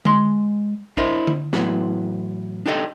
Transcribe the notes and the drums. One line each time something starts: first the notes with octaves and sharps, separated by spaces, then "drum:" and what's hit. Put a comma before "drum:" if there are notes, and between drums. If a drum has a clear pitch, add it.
G#3 C6, drum: tom D3
D4 E4 A#4 C5 D#5, drum: kick A#1
drum: tom D3
A2 E3 F#3 B3, drum: snare
D4 D#4 G4 A4 D5 D#5